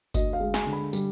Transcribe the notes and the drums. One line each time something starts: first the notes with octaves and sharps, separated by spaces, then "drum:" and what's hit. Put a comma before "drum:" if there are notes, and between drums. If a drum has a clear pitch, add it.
D2 D#5, drum: kick G1, tambourine
F5
G#3
G#5, drum: snare
D3
B5
G3, drum: tambourine